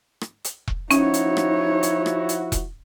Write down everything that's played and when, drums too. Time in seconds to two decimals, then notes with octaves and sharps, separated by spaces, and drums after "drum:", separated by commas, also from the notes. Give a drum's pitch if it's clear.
0.21 drum: rim click
0.44 drum: hi-hat
0.68 drum: kick E1
0.91 F3 C#4 D#4 E4 F#4 C#5, drum: hi-hat
1.14 drum: hi-hat
1.37 drum: rim click
1.83 drum: hi-hat
2.06 drum: rim click
2.29 drum: hi-hat
2.52 drum: kick E1, hi-hat